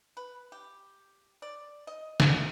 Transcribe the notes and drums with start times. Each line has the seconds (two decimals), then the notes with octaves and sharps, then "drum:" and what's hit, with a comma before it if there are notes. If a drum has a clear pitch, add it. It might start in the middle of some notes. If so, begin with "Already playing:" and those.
0.17 B4
0.52 G4
1.42 D5
1.87 D#5
2.20 A#3, drum: snare